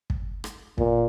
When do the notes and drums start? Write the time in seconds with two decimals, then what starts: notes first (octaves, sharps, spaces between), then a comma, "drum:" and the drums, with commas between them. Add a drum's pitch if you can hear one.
0.10 drum: kick
0.44 drum: rim click
0.78 A#2, drum: kick